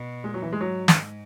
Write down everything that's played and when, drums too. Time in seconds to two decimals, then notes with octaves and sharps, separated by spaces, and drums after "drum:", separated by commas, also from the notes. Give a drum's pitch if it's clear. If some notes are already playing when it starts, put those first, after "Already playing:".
Already playing: B2
0.24 A#2 G#3
0.34 F#3
0.42 E3
0.52 G#3
0.61 G#2 F#3
0.88 drum: snare